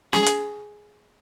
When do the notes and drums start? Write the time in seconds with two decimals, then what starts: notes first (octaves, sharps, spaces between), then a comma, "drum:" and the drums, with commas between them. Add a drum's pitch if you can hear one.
0.13 G#4, drum: snare
0.26 drum: hi-hat